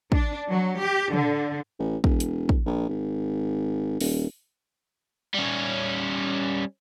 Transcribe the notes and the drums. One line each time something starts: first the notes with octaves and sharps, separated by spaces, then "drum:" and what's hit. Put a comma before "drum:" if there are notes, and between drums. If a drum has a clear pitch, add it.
D4, drum: kick
F#3
G4
D3, drum: tom
A1
E1, drum: kick
drum: hi-hat
drum: kick
A#1
G#1
D#1, drum: open hi-hat
G3 C#4